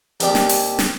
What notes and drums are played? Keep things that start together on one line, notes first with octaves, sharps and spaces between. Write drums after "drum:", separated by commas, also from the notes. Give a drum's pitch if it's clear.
D#2 C4 G4 D5 G5, drum: hi-hat
drum: snare
drum: open hi-hat
drum: snare